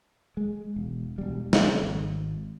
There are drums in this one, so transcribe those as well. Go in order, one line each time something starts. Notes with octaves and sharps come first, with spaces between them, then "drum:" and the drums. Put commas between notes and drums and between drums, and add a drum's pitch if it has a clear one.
G#3
E1
E1 G3
C#3 A3 C4, drum: snare
G#1